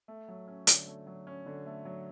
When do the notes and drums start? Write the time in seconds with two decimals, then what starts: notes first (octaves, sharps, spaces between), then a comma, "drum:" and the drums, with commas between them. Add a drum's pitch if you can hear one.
0.08 A3
0.28 F#3
0.48 C#4
0.67 D3, drum: hi-hat
0.87 A3
1.07 F#3
1.27 C#4
1.46 D3
1.66 A3
1.85 F#3